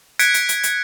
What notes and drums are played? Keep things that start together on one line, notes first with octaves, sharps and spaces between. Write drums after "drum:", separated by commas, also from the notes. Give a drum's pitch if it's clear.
F#6 G#6 B6 C#7 D7, drum: hi-hat
drum: hi-hat
drum: hi-hat
drum: hi-hat